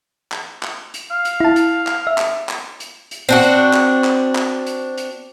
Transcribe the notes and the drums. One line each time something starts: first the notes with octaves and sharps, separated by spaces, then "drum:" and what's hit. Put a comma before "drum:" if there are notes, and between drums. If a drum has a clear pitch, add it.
drum: clap
drum: clap
drum: hi-hat
F5
drum: hi-hat
E4 A5
drum: hi-hat
drum: clap
E5
drum: clap
drum: clap
drum: hi-hat
drum: hi-hat
C4 D4 F#4
drum: hi-hat
drum: clap
drum: clap
drum: clap
drum: hi-hat
drum: hi-hat